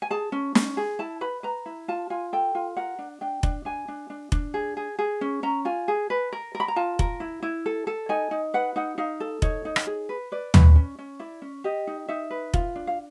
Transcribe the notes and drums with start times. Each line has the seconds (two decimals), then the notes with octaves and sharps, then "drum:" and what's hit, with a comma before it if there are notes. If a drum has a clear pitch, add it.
0.02 G#5
0.10 G#4 A5
0.32 C#4
0.55 C#4, drum: snare
0.77 G#4
0.99 E4 A5
1.21 B4 B5
1.43 B4 A#5
1.66 E4
1.88 F4 A5
2.10 F4 G#5
2.33 A4 G5
2.55 F4
2.77 A#4 F#5
2.99 D4
3.21 D4 G5
3.43 D4, drum: kick F1
3.65 D4 G#5
3.88 D4
4.10 D4
4.32 D4, drum: kick F1
4.54 G#4
4.77 G#4
4.99 G#4
5.21 C#4
5.43 C#4 A#5
5.65 F4 G#5
5.88 G#4
6.10 B4
6.33 A#4
6.55 A#4
6.60 B5
6.68 A#5
6.76 F4 A5
6.99 A#4, drum: kick F1
7.20 E4
7.43 E4
7.66 A4
7.87 A4
8.09 D#4 G#5
8.31 D#4
8.54 B4 F#5
8.76 D#4 F#5
8.98 D#4 F5
9.20 A4
9.42 D#4 C#5, drum: kick F1
9.65 D#4
9.76 drum: rim click
9.87 G#4
10.09 B4
10.32 B4 D5
10.54 B4, drum: tom
10.75 C#4
10.99 C#4
11.20 E4 D5
11.42 C#4
11.64 G4 D#5
11.87 D#4
12.08 D#4 E5
12.31 B4
12.54 F4, drum: kick F1
12.76 D4
12.87 F5